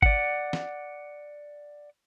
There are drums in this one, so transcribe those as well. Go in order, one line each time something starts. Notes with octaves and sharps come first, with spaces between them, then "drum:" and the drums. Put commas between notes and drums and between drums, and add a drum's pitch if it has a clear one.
D5 F#5, drum: kick G1
drum: snare